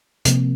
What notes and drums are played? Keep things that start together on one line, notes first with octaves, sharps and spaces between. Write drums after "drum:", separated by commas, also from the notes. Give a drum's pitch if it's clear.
C3 F3 A#3, drum: hi-hat